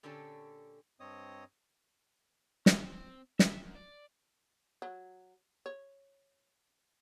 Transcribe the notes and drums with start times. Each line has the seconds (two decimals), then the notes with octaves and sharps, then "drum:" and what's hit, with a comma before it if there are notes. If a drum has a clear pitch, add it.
0.03 A#2 D3 C#4 D4 G4 A4
1.00 G2 C4 C#5 D#5 D#6
2.66 C#4, drum: snare
2.86 C4
3.39 E5, drum: snare
3.62 F#2
3.75 D5
4.82 F#3
5.66 C#5